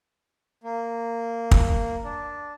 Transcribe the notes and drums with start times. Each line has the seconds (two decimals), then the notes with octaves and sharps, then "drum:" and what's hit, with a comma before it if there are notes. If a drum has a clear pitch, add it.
0.64 A#3
1.51 drum: kick
2.04 D4